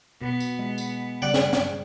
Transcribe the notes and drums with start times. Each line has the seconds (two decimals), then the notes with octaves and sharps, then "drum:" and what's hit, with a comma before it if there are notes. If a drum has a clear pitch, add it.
0.22 B2 B3
0.40 drum: tambourine
0.59 G#3
0.78 drum: tambourine
1.22 C#3 G3 D5 F#5 G5
1.34 drum: snare
1.53 drum: snare